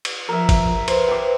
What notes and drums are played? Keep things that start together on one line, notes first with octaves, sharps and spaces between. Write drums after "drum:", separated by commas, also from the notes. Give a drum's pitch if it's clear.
drum: cymbal
F3 A#4 E5
E5, drum: kick, cymbal
B4 C5, drum: cymbal
G5 D6